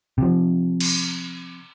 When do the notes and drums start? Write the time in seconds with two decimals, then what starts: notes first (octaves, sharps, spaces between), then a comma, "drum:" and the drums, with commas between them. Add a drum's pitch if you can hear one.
0.18 C3 F3
0.81 drum: cymbal